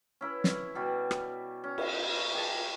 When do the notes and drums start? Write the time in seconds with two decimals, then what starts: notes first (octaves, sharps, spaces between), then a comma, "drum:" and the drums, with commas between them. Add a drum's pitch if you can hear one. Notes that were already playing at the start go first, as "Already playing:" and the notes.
0.21 C#4 E4 B4
0.44 drum: snare
0.75 B2 G3 F#4
1.11 drum: rim click
1.64 C#4
1.78 drum: cymbal
2.33 G4 G#4 A5